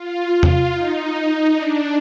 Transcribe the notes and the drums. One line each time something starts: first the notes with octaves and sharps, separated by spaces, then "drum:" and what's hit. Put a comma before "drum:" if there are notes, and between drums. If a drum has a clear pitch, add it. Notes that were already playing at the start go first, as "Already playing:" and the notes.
Already playing: F4
F4
drum: tom E2
D#4
D4